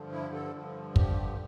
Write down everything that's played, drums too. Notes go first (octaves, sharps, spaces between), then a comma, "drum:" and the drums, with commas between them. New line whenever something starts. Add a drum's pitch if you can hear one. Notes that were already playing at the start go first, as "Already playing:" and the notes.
Already playing: G2 D3 F3
E4
A4
G2 D3 F3
G4, drum: kick